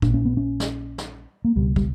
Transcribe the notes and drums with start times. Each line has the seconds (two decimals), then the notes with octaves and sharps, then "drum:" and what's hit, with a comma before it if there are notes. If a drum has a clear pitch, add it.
0.02 A#1 A#2 D4, drum: kick
0.14 C#4
0.25 B3
0.37 C#4
0.60 drum: snare
0.98 drum: snare
1.45 A#3
1.56 C#2 B2 G3
1.76 G3, drum: kick